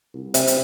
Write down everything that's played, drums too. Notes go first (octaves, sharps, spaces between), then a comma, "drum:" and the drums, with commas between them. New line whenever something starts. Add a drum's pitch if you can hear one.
C2
C3, drum: hi-hat
drum: hi-hat